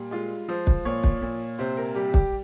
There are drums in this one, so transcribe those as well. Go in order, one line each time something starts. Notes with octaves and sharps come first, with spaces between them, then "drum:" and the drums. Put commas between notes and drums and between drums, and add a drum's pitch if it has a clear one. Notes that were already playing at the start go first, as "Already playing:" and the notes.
Already playing: A#2 G3
G#3 F4
F3 C5
drum: kick
A#2 C#5
drum: kick
A#2
C3 C5
A#4
G3 G4
G4, drum: kick